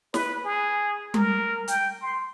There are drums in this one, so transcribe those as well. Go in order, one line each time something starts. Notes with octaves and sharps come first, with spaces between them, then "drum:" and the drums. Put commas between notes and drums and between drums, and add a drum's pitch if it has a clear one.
B4, drum: snare
G#4
A#4, drum: tom G3
G5, drum: hi-hat
C6